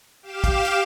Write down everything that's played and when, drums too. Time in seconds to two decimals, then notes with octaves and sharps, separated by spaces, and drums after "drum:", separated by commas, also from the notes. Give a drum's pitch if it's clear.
0.23 G4 F5 D6 E7
0.44 drum: kick, hi-hat
0.65 drum: hi-hat